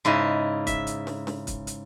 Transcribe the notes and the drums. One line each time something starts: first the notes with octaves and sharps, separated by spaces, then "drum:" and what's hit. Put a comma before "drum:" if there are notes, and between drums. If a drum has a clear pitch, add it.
G#2 C#3 E4 D#5
E5, drum: kick, hi-hat
drum: hi-hat
drum: snare
drum: snare
drum: kick, hi-hat
drum: hi-hat